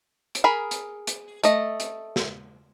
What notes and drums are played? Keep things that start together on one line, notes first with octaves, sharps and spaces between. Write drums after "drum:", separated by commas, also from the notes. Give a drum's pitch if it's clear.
drum: hi-hat
G#4 A#4 B5
drum: hi-hat
drum: hi-hat
A3 D#5, drum: hi-hat
drum: hi-hat
drum: snare